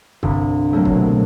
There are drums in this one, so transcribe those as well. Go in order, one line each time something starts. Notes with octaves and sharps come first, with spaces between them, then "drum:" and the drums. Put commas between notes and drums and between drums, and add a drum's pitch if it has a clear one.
C2 G2 D3, drum: kick
B2 F#3 A3 A#3 C4
drum: kick